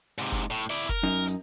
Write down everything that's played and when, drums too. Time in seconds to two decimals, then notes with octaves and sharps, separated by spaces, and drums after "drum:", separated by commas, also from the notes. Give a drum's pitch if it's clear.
0.18 G#2 C3, drum: hi-hat
0.32 drum: kick
0.50 A2
0.70 E4 D5, drum: hi-hat
0.89 A#4, drum: kick
1.03 F#2 D#4
1.27 drum: hi-hat